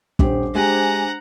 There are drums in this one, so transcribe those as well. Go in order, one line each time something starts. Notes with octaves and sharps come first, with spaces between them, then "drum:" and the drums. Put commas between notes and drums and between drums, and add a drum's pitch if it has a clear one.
D#1 D4 G4 C5, drum: kick
G#3 G4 F#5 G#5 A#5